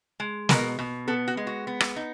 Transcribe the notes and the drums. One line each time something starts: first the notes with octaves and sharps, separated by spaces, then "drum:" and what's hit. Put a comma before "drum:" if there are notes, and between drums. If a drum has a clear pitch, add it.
G#3
B2 A#4, drum: snare
B2
B3 A4
F#4
G#3
F#4
B3
drum: rim click
D#4